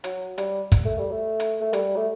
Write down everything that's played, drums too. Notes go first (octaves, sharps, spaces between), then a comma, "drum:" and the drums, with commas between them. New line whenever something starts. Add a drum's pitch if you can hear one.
F#3, drum: hi-hat
G3, drum: hi-hat
drum: kick, hi-hat
A3
G3
A3
drum: hi-hat
A3
G3, drum: hi-hat
A3